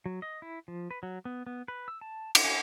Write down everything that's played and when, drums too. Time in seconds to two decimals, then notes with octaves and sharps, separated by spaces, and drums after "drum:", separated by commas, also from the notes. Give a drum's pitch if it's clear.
0.06 F#3
0.22 D#5
0.42 E4
0.68 F3
0.91 B4
1.03 F#3
1.25 B3
1.47 B3
1.68 B4
1.88 E6
2.01 A5
2.35 drum: cymbal
2.45 G#5